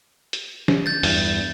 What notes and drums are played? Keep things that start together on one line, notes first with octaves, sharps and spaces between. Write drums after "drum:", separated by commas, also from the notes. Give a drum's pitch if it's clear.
drum: hi-hat
drum: snare
G6 A6
E2 G2, drum: open hi-hat